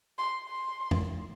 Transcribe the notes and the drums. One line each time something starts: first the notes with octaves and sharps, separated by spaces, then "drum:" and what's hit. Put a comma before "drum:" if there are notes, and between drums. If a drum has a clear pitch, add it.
C6
C6
drum: tom F2